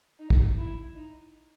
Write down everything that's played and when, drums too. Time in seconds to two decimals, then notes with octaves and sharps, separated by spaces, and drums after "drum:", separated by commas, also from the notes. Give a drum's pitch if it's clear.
0.19 D#4
0.30 drum: kick
0.58 E4
0.95 D#4